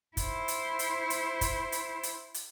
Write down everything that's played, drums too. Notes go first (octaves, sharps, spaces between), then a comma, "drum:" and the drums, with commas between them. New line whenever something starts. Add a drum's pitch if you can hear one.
E4 C5, drum: kick, hi-hat
drum: hi-hat
drum: hi-hat
drum: hi-hat
drum: kick, hi-hat
drum: hi-hat
drum: hi-hat
drum: hi-hat